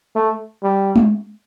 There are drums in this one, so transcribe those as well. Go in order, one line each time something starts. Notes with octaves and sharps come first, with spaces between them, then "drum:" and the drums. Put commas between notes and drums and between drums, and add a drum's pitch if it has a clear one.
A3
G3
drum: tom G#3